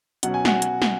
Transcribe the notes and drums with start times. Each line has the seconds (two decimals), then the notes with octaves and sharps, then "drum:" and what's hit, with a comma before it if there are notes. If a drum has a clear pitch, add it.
0.23 B2 F#3 C#4 F#5, drum: hi-hat
0.34 G#5
0.45 F#4 F#5, drum: snare
0.62 drum: hi-hat
0.82 drum: snare